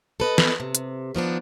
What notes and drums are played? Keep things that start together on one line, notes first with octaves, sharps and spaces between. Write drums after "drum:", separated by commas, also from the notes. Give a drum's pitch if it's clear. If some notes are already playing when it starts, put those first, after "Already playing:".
A4 B4 D#5
drum: snare
C3
drum: hi-hat
D#3 F3 B3 D4